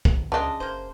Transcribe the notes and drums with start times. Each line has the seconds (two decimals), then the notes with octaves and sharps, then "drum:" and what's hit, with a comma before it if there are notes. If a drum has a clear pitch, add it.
0.05 drum: kick
0.32 C#2 C#3 D4 F4 D#5 E5 A5
0.60 F#1 A#3 C5